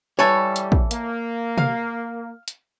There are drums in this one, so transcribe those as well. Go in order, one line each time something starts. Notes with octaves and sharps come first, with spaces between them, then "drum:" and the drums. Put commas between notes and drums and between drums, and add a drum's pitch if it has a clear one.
E3 G3 E4 A4 C#5
drum: hi-hat
drum: kick
A#3, drum: hi-hat
F5, drum: tom
drum: hi-hat